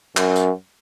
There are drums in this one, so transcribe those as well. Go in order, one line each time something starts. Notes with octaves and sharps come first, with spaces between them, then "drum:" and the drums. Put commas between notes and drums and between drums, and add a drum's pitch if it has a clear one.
F#2, drum: clap
drum: tambourine